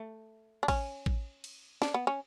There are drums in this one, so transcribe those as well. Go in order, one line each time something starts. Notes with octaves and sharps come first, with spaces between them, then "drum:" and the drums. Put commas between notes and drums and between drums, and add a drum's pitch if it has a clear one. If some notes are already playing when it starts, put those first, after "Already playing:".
Already playing: A3
D4
C#4, drum: kick A1, cymbal
drum: kick A1
drum: cymbal
D4, drum: snare
B3
C#4